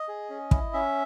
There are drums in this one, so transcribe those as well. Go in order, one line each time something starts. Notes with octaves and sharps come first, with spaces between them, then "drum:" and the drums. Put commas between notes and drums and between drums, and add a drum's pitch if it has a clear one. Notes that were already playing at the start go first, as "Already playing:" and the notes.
Already playing: D#5
G#4
C#4
E4, drum: kick
C#4 E5